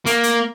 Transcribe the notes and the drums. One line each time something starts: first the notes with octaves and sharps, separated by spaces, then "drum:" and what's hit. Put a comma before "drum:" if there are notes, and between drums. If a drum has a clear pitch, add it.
A#3, drum: hi-hat
drum: hi-hat